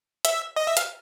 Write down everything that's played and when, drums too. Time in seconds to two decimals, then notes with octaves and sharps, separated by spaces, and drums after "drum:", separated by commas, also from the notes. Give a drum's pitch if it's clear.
0.25 E5, drum: hi-hat
0.56 D#5
0.67 E5
0.77 F5, drum: hi-hat